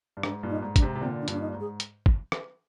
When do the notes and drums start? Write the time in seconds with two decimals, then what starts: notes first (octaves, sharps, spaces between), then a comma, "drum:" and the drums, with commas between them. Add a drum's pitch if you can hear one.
0.17 G2
0.23 G#2 D4, drum: rim click
0.43 G2 A#2
0.49 D#4
0.62 G#2
0.76 D4, drum: kick, hi-hat
0.82 G#2 C3
0.95 C3
1.01 A#2 D3 C4
1.21 D4
1.28 G2 A#2, drum: hi-hat
1.33 D4
1.41 D#4
1.54 G#2
1.60 G#4
1.80 drum: hi-hat
2.06 drum: kick
2.32 drum: rim click